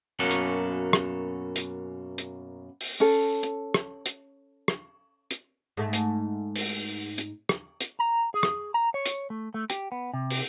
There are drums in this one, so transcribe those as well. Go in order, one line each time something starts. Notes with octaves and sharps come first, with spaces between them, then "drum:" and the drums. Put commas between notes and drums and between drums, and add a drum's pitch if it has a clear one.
F#2 B2 A#3 C#4 F#4 A4
drum: hi-hat
drum: rim click
drum: hi-hat
drum: hi-hat
drum: open hi-hat
C#4 A4
drum: hi-hat
drum: rim click
drum: hi-hat
drum: rim click
drum: hi-hat
G#2 A3
drum: hi-hat
drum: open hi-hat
drum: hi-hat
drum: rim click
drum: hi-hat
A#5
G#4
drum: rim click
A#5
C#5
drum: hi-hat
A3
A3
G4, drum: hi-hat
B3
C3
drum: open hi-hat